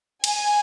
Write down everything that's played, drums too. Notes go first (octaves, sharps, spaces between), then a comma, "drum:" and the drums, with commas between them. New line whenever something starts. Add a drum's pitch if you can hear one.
G#5, drum: cymbal